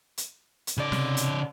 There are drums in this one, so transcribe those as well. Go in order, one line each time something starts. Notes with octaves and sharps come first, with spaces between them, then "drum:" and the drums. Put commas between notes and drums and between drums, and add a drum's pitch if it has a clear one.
drum: hi-hat
drum: hi-hat
C#3 D5
C3, drum: snare
drum: hi-hat